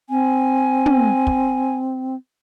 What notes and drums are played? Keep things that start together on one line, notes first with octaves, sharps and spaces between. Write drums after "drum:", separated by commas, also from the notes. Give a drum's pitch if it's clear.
C4 G#5
drum: tom
drum: kick